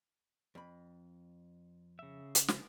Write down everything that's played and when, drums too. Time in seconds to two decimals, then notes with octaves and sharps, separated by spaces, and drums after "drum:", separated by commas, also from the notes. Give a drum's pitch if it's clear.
0.55 F2 B5
1.99 C#3 E5
2.35 drum: hi-hat
2.48 drum: snare